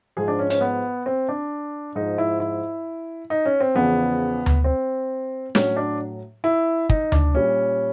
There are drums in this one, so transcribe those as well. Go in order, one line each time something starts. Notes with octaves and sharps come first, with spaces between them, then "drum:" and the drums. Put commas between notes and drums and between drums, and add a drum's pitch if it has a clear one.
G#2 F3 G#4
D4
C#4
C#4, drum: hi-hat
B3
C4
D4
G#2 F3 D#4
E4
E4
D#4
C#4
C4
E2 C#3 F3 B3
drum: tom D2
C4
A2 F#3 C#4, drum: snare
D4
E4
D#4, drum: kick
D4, drum: tom D2
A#2 G3 C#4